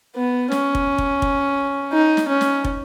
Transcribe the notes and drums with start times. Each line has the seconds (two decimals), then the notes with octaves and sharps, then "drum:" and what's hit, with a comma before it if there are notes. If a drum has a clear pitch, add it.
0.16 B3
0.52 C#4, drum: snare
0.75 drum: kick
0.98 drum: kick
1.22 drum: kick
1.93 D#4
2.17 drum: snare
2.28 C#4
2.41 drum: snare
2.64 drum: kick